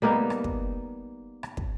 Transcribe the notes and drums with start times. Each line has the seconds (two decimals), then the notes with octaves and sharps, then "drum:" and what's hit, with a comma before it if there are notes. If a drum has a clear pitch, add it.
0.02 G3 A#3 B3 D#4
0.30 drum: rim click
0.44 drum: kick
1.43 drum: rim click
1.57 drum: kick